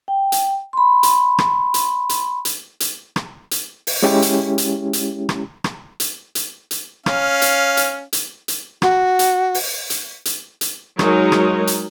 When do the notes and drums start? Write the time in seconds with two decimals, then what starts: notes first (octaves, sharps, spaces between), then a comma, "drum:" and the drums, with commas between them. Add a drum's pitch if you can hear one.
0.08 G5
0.32 drum: hi-hat
0.73 B5 C6
1.03 drum: hi-hat
1.38 drum: rim click
1.74 drum: hi-hat
2.09 drum: hi-hat
2.45 drum: hi-hat
2.80 drum: hi-hat
3.16 drum: rim click
3.51 drum: hi-hat
3.87 drum: open hi-hat
4.03 G#3 C#4 E4 G4
4.22 drum: hi-hat
4.58 drum: hi-hat
4.93 drum: hi-hat
5.29 drum: rim click
5.64 drum: rim click
6.00 drum: hi-hat
6.35 drum: hi-hat
6.71 drum: hi-hat
7.06 C#4 F5, drum: rim click
7.42 drum: hi-hat
7.77 drum: hi-hat
8.13 drum: hi-hat
8.48 drum: hi-hat
8.82 F#4, drum: rim click
9.19 drum: hi-hat
9.54 drum: open hi-hat
9.90 drum: hi-hat
10.25 drum: hi-hat
10.61 drum: hi-hat
10.99 F#3 G#3 D#4 A#4 C#5, drum: rim click
11.32 drum: rim click
11.67 drum: hi-hat